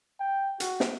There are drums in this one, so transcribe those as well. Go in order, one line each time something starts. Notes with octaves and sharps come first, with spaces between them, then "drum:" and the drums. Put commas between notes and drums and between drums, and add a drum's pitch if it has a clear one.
G5
F#4, drum: hi-hat
drum: snare